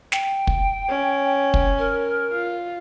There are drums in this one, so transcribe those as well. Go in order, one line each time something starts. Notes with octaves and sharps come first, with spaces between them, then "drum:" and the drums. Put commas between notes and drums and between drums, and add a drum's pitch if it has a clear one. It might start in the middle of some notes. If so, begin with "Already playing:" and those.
G5, drum: snare
drum: kick
C#4
drum: kick
A#4
F4